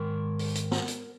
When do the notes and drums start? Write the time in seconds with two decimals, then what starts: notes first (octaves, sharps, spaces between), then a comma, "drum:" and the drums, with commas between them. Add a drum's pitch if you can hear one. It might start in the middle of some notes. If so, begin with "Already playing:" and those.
Already playing: G#2 D#3 A#4
0.39 drum: open hi-hat
0.55 drum: hi-hat
0.71 drum: snare
0.88 drum: hi-hat